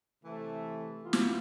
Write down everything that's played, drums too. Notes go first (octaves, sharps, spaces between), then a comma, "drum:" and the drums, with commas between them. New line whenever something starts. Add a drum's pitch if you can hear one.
C3 E3 A3
E3 B3 F4
drum: snare